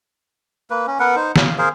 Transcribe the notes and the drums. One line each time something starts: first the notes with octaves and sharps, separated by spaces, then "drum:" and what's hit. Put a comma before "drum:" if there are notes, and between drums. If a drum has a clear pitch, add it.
A#3 B4
C#4
B3 A#4 B4 F#5
D#4 C5
F5, drum: snare
G#4 A#4 C5 F5